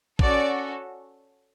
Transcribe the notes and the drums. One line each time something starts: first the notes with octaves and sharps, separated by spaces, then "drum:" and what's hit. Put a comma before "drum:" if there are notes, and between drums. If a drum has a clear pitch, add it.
C#4 F#4 A4 D5, drum: kick